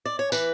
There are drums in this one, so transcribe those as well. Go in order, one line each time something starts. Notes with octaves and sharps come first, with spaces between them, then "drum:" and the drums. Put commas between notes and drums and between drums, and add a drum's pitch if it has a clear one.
D5
C#5
E3 B4, drum: tambourine